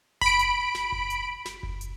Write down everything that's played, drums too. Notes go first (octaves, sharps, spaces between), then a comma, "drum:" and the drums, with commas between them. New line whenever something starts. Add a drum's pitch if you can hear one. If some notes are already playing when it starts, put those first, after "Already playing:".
B5 D7, drum: kick F#1
drum: hi-hat
drum: snare
drum: kick F#1
drum: hi-hat
drum: snare
drum: kick F#1
drum: hi-hat